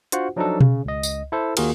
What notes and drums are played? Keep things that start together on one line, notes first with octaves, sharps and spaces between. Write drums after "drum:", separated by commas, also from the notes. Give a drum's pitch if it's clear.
D4 F4 F#4 C5 F#5, drum: hi-hat
F3 F#3 D4 D#4 F4 A4
C#3, drum: tom B2
C#2 D#5
drum: tambourine
E4 A4 C5
D#2 A#3 F4 F#4 G#4 A#4, drum: cymbal